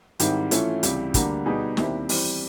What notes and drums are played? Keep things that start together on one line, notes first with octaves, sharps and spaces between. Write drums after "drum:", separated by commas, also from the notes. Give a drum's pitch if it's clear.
G#2 D#3 G3 C4 E4, drum: hi-hat
E3 A3 C#4 F4, drum: hi-hat
C#2 C3 E3 G3, drum: hi-hat
D2 D3 G3 A#3, drum: kick, hi-hat
B2 G3 B3 D#4 G#4
D#2 D#3 G3 C4 E4, drum: snare
E3 G3 C4, drum: open hi-hat